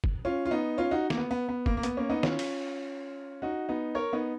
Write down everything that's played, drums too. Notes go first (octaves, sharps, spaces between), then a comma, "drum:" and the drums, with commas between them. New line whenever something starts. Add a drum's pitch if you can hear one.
drum: kick
C#4 F4
F4
B3 D#4
C#4 F4
D#4 F#4
A#3, drum: snare
B3
B3
B3
A#3, drum: kick
A#3
B3, drum: hi-hat
A#3 C#4
B3 D#4
C#4 F4, drum: snare
drum: cymbal
D#4 F#4
B3 D#4
A#4 C#5
B3 D#4